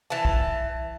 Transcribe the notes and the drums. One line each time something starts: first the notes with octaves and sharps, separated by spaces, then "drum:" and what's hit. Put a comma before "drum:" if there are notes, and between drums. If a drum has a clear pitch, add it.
E3 A5
drum: kick